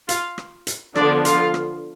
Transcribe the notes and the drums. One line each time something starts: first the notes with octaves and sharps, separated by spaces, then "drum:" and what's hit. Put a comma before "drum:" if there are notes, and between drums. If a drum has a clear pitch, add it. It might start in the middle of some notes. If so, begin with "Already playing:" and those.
F4 F5, drum: hi-hat
drum: rim click
drum: hi-hat
D3 F3 B3 D4 D5, drum: rim click
F4 F5, drum: hi-hat
drum: rim click